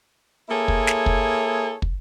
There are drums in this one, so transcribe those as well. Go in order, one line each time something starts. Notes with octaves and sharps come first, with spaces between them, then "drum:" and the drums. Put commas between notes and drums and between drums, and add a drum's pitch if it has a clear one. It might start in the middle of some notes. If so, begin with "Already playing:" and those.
A#3 E4 G#4 A4 C#5
drum: kick
drum: snare
drum: kick
drum: kick